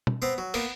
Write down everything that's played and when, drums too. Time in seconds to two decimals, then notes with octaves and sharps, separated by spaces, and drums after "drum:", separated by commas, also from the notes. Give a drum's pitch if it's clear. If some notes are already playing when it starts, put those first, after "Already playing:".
0.07 drum: tom
0.22 B3 C4 C5
0.38 F#3
0.54 A#3 B3 A#4, drum: open hi-hat